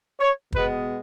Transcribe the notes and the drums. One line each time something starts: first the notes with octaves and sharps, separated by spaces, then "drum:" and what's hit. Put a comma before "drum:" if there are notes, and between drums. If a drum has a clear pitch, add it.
C#5
B2 G#3 B3 B4, drum: kick